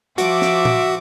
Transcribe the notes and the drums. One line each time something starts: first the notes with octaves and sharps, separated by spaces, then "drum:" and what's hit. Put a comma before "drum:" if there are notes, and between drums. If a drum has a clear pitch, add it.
F3 F#4 E5 D6, drum: hi-hat
drum: snare
drum: tom A#2